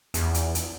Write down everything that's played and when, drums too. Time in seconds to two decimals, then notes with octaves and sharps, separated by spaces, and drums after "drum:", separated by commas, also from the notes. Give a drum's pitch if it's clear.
0.14 E2, drum: hi-hat
0.34 drum: hi-hat
0.55 drum: hi-hat